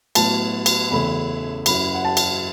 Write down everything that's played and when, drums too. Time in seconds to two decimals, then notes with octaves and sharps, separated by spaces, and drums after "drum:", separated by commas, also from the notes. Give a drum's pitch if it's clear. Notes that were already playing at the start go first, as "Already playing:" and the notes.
0.15 A2 F#3 B3 A5, drum: cymbal
0.66 drum: cymbal
0.90 E2 C#3 A3 C#4 E4 B5
1.66 F#2 F#3 C#4 E4 B5, drum: cymbal
1.94 F#5
2.05 A5
2.17 drum: cymbal